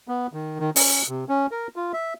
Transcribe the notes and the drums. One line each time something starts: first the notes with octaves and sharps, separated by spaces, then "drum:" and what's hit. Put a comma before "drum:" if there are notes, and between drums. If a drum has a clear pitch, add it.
B3
D#3
D#3
C#4, drum: open hi-hat
C3
C#4
A#4
F4
E5